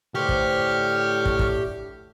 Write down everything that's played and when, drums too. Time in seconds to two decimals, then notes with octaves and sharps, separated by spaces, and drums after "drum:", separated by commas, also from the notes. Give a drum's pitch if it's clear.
0.15 A2 D3 G4 B4 C5 C#6 F6
0.29 drum: kick
1.25 drum: kick
1.39 drum: kick